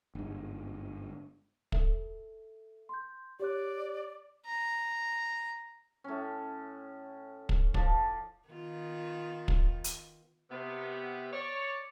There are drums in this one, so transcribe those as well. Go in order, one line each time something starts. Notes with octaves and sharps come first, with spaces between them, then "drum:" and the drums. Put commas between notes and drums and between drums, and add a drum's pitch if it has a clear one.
G1 G#2
A4 E5, drum: kick
C6 G6
G4 C#5 D5 F#6
A#5
A2 C#4
drum: kick
F3 D5, drum: kick
D#3 B3 F4
drum: kick
drum: hi-hat
C3 B3
C#5 D5